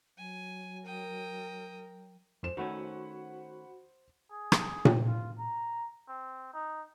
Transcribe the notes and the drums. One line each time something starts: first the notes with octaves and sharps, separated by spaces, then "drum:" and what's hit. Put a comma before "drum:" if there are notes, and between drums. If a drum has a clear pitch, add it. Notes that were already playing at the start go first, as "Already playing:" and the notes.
F#3 G#5
A#4 G5 D#6
F2 C5 E7
D#3 A3 C#4 F#4 F#5 B5 C#6
G#4
drum: rim click
drum: tom A#2
F4
A#5
C4
D#4